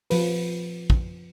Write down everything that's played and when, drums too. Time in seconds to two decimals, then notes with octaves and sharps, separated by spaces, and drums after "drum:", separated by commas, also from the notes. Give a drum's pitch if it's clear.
0.10 F3 B4, drum: open hi-hat
0.90 drum: kick